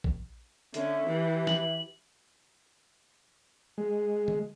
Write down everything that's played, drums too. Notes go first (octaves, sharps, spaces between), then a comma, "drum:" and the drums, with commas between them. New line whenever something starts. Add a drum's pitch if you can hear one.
drum: kick A#1
D3 C#4 E5, drum: hi-hat
E3 G4
F#7, drum: snare
G#3
drum: tom D3